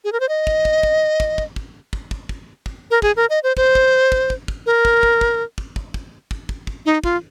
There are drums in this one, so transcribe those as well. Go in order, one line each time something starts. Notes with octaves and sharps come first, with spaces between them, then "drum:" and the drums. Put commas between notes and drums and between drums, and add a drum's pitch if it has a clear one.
G#4
A#4
C5
D#5
drum: kick
drum: kick
drum: kick
drum: kick
drum: kick
drum: kick
drum: kick
drum: kick
drum: kick
drum: kick
A#4
G#4, drum: kick
A#4
D#5
C5
C5, drum: kick
drum: kick
drum: kick
drum: kick
drum: kick
A#4
drum: kick
drum: kick
drum: kick
drum: kick
drum: kick
drum: kick
drum: kick
drum: kick
drum: kick
D#4
F4, drum: kick